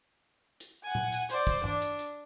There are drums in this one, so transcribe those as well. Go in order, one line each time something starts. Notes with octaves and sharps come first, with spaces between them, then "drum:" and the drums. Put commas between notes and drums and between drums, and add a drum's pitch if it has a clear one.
drum: hi-hat
F#5 G#5
drum: tom A#2
drum: hi-hat
C5 D5, drum: hi-hat
drum: kick, hi-hat
D4, drum: tom G2
drum: hi-hat
drum: hi-hat